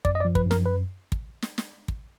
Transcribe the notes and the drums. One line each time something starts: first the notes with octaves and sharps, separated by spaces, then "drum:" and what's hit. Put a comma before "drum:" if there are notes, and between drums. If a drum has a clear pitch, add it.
F#2 D5, drum: kick
D#5
D5
F3
B4, drum: kick
F#2
A#4, drum: snare
F#2 B4
drum: kick
drum: snare
drum: snare
drum: kick